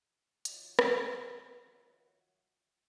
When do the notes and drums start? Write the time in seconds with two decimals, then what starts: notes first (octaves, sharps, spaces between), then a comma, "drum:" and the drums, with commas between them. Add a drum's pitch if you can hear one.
0.45 D#3 F3 F#3 C#5 D#5 E5 F#5, drum: hi-hat
0.79 drum: rim click